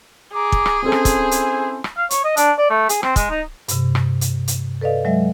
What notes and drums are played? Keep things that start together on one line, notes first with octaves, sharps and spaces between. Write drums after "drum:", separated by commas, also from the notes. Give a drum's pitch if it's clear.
G#4 A#5 D6
drum: kick
drum: rim click
C4 C#4 E4 A4 C5 G#5
drum: rim click
drum: kick, hi-hat
drum: hi-hat
drum: rim click
F5
C#5, drum: hi-hat
D#5
D4, drum: hi-hat
D5
A3
G#4, drum: hi-hat
C4, drum: rim click
G#3, drum: kick, hi-hat
D#4
G2 C3, drum: hi-hat
drum: rim click
drum: hi-hat
drum: hi-hat
A4 B4 D5 D#5 F5
F#3 G#3 E5